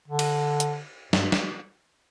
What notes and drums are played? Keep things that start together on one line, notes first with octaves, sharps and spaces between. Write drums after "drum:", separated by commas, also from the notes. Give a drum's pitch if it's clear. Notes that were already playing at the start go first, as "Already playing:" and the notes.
D3
drum: cymbal
drum: hi-hat
G2, drum: snare
drum: snare